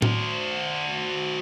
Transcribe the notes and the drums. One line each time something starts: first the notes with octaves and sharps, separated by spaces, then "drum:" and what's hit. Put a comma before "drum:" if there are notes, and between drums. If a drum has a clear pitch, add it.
F#4 C5, drum: tom A2